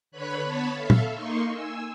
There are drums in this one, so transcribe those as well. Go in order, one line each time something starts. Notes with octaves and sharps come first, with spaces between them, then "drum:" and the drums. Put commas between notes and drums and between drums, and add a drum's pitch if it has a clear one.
D3 B4 C#5 B5 F#6
B3 C#5 A5 B5
A4 E5 F5
drum: tom A#2
A#3 D#4 C6 C#6
G#5 E6